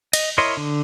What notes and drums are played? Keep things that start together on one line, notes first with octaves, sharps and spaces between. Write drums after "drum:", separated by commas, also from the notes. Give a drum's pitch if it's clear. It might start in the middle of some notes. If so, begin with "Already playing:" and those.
D#5, drum: cymbal
E4 A#4 C#5 D#5 C6
D3